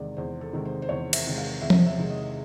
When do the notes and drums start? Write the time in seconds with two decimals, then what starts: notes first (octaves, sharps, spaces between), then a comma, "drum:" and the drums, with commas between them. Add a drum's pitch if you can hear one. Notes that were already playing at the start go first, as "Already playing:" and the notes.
Already playing: E2 C3 D#3 G#3 D5
0.17 E2 C5
0.41 A4
0.53 C3 D#3 G#3
0.65 C5
0.82 C5
0.89 E2 C#5
1.13 E5, drum: cymbal
1.26 C3 D#3 G#3
1.38 F5
1.61 E2 E5
1.70 drum: tom F3
1.86 E5
1.98 C3 D#3 G#3
2.10 D#5